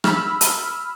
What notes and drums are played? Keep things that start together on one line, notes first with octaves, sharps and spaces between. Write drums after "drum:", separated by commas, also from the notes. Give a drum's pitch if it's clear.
B5 E6 F6, drum: rim click
drum: hi-hat